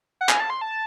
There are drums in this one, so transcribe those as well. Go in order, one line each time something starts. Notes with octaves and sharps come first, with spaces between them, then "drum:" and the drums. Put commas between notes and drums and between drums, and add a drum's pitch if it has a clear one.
F#5
G#5, drum: clap
A5
C6
A5